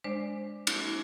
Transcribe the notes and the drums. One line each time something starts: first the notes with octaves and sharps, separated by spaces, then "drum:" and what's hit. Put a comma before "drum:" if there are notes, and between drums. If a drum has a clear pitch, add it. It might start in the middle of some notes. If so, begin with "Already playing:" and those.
G#3 D4 C5 D5
drum: cymbal